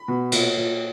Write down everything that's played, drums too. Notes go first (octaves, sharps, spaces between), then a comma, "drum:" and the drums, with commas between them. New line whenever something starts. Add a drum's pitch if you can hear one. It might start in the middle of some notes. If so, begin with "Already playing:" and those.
Already playing: B5
B2
A#2, drum: cymbal
A#2